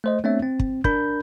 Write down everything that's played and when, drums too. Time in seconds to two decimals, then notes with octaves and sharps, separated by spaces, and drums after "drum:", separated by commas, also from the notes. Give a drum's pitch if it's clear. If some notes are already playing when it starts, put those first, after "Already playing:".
0.04 A3 C5 D#5
0.24 A3 B3 C4 D4 C#5 E5
0.43 C4
0.59 drum: kick
0.84 D4 A#4 B5 G6, drum: kick